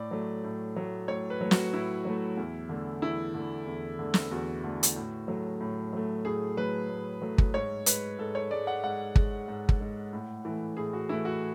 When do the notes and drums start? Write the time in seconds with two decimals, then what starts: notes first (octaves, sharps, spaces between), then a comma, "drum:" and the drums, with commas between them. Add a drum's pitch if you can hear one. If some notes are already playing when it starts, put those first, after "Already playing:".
Already playing: A2 D5
0.11 F#3 A3
0.44 A2
0.76 F#3 A3
1.08 A2 C#5
1.30 B4
1.41 F#3 A3
1.51 F#4, drum: snare
1.73 A2 E4
2.05 F#3 A3
2.37 E2
2.69 D3 A3
3.02 E2 E4
3.35 D3 A3
3.67 E2
3.99 D3 A3
4.14 drum: snare
4.31 E2 F#4
4.64 D3 A3
4.83 drum: hi-hat
4.96 A2
5.28 F#3 A3
5.60 A2
5.93 F#3 A3
6.25 A2 G#4
6.57 F#3 A3 B4
6.89 A2
7.22 F#3 A3
7.38 drum: kick
7.54 G#2 C#5
7.86 G#3 B4, drum: hi-hat
8.19 G#2 A4
8.35 C#5
8.51 G#3 D5
8.67 F#5
8.84 G#2 F#5
9.16 G#3, drum: kick
9.48 G#2
9.69 drum: kick
9.80 G#3
10.13 A2
10.45 E3 A3
10.77 A2 G#4
10.93 F#4
11.09 E3 A3 E4
11.25 F#4